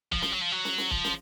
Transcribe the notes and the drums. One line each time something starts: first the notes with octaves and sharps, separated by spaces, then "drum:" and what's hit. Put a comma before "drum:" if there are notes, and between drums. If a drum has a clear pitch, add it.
F3, drum: kick
F3, drum: snare
F#3
F3
F#3
drum: snare
drum: snare
F3, drum: kick
drum: snare